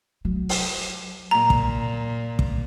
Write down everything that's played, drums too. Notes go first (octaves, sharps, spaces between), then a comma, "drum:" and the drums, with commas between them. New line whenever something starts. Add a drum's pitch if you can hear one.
F#3
drum: open hi-hat
A#2 A#5
drum: kick
drum: kick